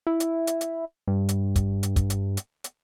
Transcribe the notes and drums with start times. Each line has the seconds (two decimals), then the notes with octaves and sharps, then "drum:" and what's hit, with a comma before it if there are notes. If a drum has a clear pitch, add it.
0.07 E4
0.20 drum: hi-hat
0.47 drum: hi-hat
0.61 drum: hi-hat
1.08 G2
1.29 drum: hi-hat
1.56 drum: kick, hi-hat
1.83 drum: hi-hat
1.96 drum: kick, hi-hat
2.10 drum: hi-hat
2.37 drum: hi-hat
2.64 drum: hi-hat